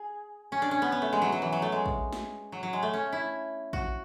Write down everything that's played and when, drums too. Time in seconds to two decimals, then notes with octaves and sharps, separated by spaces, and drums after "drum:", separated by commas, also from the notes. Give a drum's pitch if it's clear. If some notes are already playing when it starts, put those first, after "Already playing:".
Already playing: G#4
0.52 C#4
0.62 D4
0.71 C#4
0.82 B3
0.92 B3
1.02 A3
1.13 G#3
1.22 F#3
1.32 F#3
1.42 E3
1.53 F#3
1.62 A3
1.72 G#3
1.86 drum: kick
2.13 drum: snare
2.52 F#3
2.63 F#3
2.73 G#3
2.83 A3
2.93 C#4
3.13 E4
3.73 F#4, drum: kick